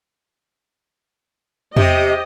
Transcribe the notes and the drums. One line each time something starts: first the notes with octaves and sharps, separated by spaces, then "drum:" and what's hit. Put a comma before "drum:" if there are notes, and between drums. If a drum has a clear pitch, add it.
C3 G4 D#5, drum: tom